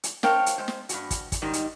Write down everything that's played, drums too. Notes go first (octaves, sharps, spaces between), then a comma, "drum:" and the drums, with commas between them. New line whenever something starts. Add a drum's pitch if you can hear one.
drum: hi-hat
D4 A#4 C5 C#5 F5 G5, drum: snare
drum: hi-hat
G#3 C5
drum: snare
G2 F#4, drum: hi-hat
drum: kick, hi-hat
drum: kick, hi-hat
G#2 D#3 G3 D#4
drum: hi-hat